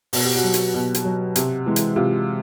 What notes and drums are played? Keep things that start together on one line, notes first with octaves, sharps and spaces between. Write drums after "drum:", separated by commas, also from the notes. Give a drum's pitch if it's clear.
B2 F#4, drum: open hi-hat
G4
F#4
F#3
drum: hi-hat
B2
drum: hi-hat
F#3
C3, drum: hi-hat
E3 G#3
drum: hi-hat
C3 F4